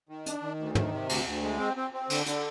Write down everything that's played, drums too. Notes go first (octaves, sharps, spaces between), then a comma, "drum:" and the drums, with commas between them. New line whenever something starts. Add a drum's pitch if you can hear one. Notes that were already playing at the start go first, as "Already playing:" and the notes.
D#3
D4, drum: hi-hat
D#3
D2
D#3, drum: tom
C3
D2, drum: cymbal
D2
G#3
C4
C4
C4
D3, drum: cymbal
D3, drum: hi-hat